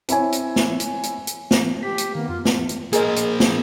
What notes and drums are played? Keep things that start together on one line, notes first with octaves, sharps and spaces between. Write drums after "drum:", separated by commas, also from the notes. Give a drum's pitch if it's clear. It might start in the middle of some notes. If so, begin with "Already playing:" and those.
C4 E4 C#5 G#5, drum: hi-hat
drum: hi-hat
drum: snare
drum: hi-hat
drum: hi-hat
drum: hi-hat
drum: snare
G4 B6
drum: hi-hat
D#3 A#3 B3
F2 F4
drum: snare
drum: hi-hat
A#3 G#4 A#4 C5 D#5, drum: hi-hat
drum: hi-hat
drum: snare